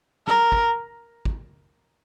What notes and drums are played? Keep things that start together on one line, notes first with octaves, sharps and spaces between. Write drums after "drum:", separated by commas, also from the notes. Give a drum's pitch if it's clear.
A#4, drum: snare
drum: kick
drum: kick